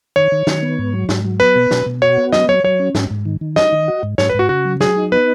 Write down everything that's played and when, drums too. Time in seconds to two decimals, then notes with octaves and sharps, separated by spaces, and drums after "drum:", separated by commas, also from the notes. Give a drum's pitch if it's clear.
0.16 D#3 C#5
0.32 D#3
0.47 D#3, drum: snare
0.62 B3
0.79 G#2
0.93 F#3
1.09 G#2, drum: snare
1.25 F#3
1.40 B3 B4
1.56 B2
1.71 B2, drum: snare
1.87 B2
2.02 F#4 C#5
2.18 B3
2.32 F#3 D#5, drum: snare
2.48 F#3 C#5
2.64 F#3 C#5
2.80 C#4
2.95 G#2, drum: snare
3.11 G#2
3.25 D#3
3.41 D#3
3.56 D#4 D#5, drum: snare
3.72 D#3
3.88 F#4
4.03 G#2
4.18 G#2 C#5, drum: snare
4.29 B4
4.35 G#2 F#4
4.49 C#3 F#4
4.65 F#3
4.80 F#3 G#4, drum: snare
4.96 D#4
5.12 B3 B4